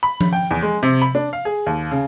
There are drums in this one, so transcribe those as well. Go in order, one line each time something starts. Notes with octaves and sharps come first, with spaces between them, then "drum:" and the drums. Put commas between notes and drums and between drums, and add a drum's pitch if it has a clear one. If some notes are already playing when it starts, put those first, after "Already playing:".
B5
drum: tom F3
G5
E2
G#3
C3
B5
D4
F5
G#4
D#2
C#3